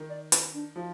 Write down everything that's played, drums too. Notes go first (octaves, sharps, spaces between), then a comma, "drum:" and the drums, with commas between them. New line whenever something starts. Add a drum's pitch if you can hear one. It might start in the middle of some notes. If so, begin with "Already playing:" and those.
Already playing: D#3
D5
B4, drum: hi-hat
D4
F3 D#4